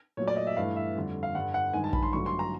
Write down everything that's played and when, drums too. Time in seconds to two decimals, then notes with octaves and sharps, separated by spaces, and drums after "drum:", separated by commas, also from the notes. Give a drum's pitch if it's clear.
0.17 A#2 F#3 A3 C#5
0.28 D5
0.37 D#5
0.47 E5
0.57 G2 E3 A3 F5
0.76 E5
0.96 F2 D3 G3
1.23 F5
1.35 G2 D3 G3 F#5
1.54 F#5
1.73 G2 D#3 G#3 G#5
1.84 A5
1.93 B5, drum: kick A#1
2.03 C6
2.13 G2 D3 F#3 A3 C#6
2.26 C6
2.39 A#5